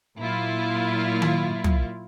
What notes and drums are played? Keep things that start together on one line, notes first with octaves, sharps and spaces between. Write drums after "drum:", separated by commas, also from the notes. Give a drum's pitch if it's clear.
A#2 F#3 A#3 E4 F4
drum: tom D#3
drum: tom